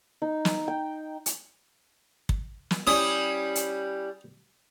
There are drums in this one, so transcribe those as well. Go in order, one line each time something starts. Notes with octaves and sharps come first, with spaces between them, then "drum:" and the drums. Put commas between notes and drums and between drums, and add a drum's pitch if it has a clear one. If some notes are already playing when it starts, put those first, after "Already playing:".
D#4
drum: snare
G5
drum: hi-hat
drum: kick
drum: snare
G3 C#4 E4 D#6
drum: hi-hat